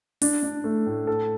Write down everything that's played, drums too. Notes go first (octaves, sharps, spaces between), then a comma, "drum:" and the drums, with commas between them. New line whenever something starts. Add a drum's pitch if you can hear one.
D4, drum: open hi-hat
D4
A3
A2
A4